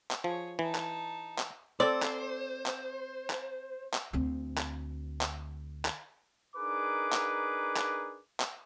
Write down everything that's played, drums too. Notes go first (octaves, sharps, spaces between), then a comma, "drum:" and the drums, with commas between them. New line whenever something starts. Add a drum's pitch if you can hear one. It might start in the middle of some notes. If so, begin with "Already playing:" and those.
drum: clap
F3 G#4 C#5
E3 D#4 A5
drum: clap
drum: clap
C4 A4 C5 D5
drum: clap
drum: clap
drum: clap
drum: clap
D2 C4
drum: clap
drum: clap
drum: clap
D4 D#4 G#4 A#4 B4 D6
drum: clap
drum: clap
drum: clap